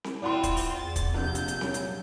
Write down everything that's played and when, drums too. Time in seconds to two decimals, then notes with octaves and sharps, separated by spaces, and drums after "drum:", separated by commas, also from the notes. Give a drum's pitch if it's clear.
0.04 drum: snare C4
0.22 C4 E4 F4 D5 F#5 C6
0.44 drum: kick, hi-hat
0.57 drum: open hi-hat
0.76 E2 A6
0.96 drum: kick, hi-hat
1.14 A#1 C3 G6
1.35 drum: hi-hat
1.48 drum: hi-hat
1.61 F#3, drum: snare C4
1.74 drum: hi-hat